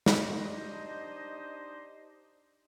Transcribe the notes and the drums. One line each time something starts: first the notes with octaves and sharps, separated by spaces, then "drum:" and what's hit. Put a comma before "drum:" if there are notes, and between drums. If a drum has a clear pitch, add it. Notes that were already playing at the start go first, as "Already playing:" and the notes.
drum: snare
D4 D#4 G4 C5 D#5